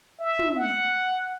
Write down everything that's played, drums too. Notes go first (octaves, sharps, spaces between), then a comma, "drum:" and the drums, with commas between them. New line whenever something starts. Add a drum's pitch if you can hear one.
E5
drum: tom
F#5